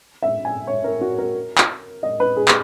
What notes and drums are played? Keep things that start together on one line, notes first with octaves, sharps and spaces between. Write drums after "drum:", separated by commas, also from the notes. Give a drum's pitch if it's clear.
E5
G#5
C#5
A#4
F#4
A#4
drum: clap
D#5
B4
G#4
drum: clap